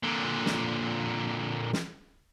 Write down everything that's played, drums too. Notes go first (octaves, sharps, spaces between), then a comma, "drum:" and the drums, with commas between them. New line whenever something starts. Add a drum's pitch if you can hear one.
A#2 D3
drum: snare
drum: snare